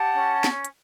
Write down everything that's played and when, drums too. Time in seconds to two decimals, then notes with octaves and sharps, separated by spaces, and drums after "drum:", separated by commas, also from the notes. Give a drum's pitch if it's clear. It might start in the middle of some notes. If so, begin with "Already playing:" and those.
Already playing: G4 F#5 A5
0.14 C#4
0.44 drum: snare
0.65 drum: hi-hat